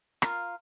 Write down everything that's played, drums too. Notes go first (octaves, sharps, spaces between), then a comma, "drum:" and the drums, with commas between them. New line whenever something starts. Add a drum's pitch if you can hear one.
F4 A#4 F5, drum: rim click